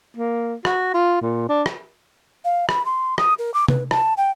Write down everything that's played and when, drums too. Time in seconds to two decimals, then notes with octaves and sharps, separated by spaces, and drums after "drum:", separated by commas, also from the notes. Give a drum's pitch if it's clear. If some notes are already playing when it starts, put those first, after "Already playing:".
0.17 A#3
0.65 F#4, drum: rim click
0.94 F4
1.22 A#2
1.49 D4
1.66 drum: rim click
2.45 F5
2.69 B5, drum: rim click
2.85 C6
3.18 D#6, drum: rim click
3.39 A#4
3.54 D6
3.68 B4, drum: tom C3
3.91 A5, drum: rim click
4.17 G5